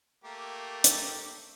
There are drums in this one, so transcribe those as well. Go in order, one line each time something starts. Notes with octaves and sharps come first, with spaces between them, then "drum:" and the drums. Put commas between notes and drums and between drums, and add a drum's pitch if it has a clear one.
A3 A#3 G4
drum: hi-hat